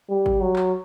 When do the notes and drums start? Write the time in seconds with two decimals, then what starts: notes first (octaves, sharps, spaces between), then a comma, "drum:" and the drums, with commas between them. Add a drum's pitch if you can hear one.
0.10 G3
0.26 drum: kick G#1
0.41 F#3
0.56 drum: clap